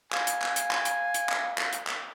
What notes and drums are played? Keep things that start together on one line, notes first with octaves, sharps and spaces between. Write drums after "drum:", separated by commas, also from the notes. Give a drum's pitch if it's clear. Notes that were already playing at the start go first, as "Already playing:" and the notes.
F5 G#5, drum: clap
drum: hi-hat
drum: clap
drum: hi-hat
drum: clap
drum: hi-hat
drum: hi-hat
drum: clap
drum: clap
drum: hi-hat
drum: clap